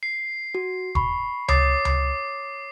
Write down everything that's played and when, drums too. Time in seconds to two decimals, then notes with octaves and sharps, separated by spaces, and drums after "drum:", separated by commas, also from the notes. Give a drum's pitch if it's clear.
0.03 C7
0.55 F#4
0.95 B5 C#6, drum: kick E1
1.48 C#5 D6 D#6 A6 C7, drum: tom C#2
1.85 drum: tom C#2